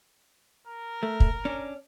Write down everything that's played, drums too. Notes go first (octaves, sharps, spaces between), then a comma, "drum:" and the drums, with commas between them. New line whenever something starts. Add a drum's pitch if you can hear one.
A#4
A3
drum: kick
C#4 D4